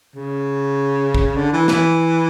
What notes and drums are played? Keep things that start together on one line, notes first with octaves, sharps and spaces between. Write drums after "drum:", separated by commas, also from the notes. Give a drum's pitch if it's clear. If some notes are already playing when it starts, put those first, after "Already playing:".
C#3
drum: kick
D3
E3
E3, drum: snare